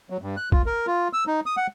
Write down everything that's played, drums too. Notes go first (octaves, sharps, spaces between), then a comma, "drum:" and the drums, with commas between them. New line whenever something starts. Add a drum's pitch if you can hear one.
F#3
G2
F#6
F4, drum: kick B1
A#4
F4
E6
D#4
D#6
F#5